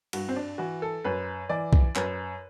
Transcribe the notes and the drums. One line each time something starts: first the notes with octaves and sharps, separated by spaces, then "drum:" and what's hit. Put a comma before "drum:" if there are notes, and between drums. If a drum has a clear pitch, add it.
G2 F#4, drum: cymbal
C4
D4
E3 F#4
A4
F#2 B4
E3 D5
drum: kick B1
F#2 B4, drum: clap